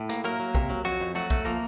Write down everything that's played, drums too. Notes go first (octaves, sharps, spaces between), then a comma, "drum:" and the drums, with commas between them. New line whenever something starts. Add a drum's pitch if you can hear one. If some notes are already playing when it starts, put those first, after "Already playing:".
Already playing: A2
A#3, drum: hi-hat
F#3 A#3 A#4
F#3
C3, drum: kick
F#3
F2 F#3 F#4
F2
F#3 A3 F#4
A3, drum: kick
F3 A#3 A#4